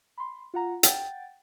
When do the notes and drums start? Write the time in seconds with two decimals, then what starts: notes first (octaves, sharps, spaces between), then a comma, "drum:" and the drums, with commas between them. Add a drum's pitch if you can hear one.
0.18 B5 C6
0.54 F4 F#5 A#5
0.83 F#5 G5 A6, drum: hi-hat